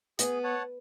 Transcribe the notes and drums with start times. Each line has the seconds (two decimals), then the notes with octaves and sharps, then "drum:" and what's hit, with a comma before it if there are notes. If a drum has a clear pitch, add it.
0.19 B3 G#4, drum: hi-hat
0.44 C#5 F#5 A5